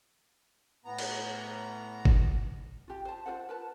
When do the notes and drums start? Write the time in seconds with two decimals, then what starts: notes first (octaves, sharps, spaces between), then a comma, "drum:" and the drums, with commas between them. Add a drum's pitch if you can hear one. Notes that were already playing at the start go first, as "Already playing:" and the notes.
0.85 A2 B3 A#5
0.99 drum: cymbal
2.05 drum: kick G1
2.88 F4 G4
3.05 C5 A5
3.26 F4 A#4 C5 F#5
3.49 A#4 B4 A5